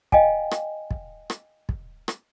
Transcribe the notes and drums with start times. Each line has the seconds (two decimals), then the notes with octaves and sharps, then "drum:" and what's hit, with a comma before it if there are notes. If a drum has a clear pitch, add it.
0.12 D#5 F5 G5 G#5, drum: kick
0.51 drum: rim click
0.91 drum: kick
1.30 drum: rim click
1.69 drum: kick
2.08 drum: rim click